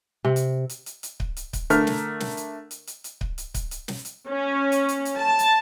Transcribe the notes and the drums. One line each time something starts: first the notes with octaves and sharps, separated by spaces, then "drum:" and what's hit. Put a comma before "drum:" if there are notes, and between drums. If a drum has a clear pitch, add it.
C3
drum: hi-hat
drum: hi-hat
drum: hi-hat
drum: hi-hat
drum: kick C#1
drum: hi-hat
drum: kick C#1, hi-hat
D3 A3 A#4 F6, drum: hi-hat
drum: snare
drum: snare
drum: hi-hat
drum: hi-hat
drum: hi-hat
drum: hi-hat
drum: kick C#1
drum: hi-hat
drum: kick C#1, hi-hat
drum: hi-hat
drum: snare
drum: hi-hat
C#4
drum: hi-hat
drum: hi-hat
drum: hi-hat
A5
drum: hi-hat